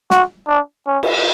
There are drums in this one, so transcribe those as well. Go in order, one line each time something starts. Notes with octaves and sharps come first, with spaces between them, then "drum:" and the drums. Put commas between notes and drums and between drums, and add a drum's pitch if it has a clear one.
F#4, drum: snare
D4
C#4
drum: cymbal